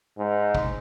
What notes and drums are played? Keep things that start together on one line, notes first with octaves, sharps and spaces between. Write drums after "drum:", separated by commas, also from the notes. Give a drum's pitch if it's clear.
G#2
drum: kick